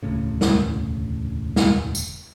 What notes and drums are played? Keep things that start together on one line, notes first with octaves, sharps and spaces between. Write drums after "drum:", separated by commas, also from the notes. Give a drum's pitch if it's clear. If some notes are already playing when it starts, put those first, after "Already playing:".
E1 D2 A2 C#3
drum: snare
drum: snare
drum: tambourine